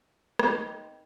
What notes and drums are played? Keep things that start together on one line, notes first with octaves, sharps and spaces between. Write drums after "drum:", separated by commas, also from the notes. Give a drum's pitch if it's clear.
C4 D#4, drum: rim click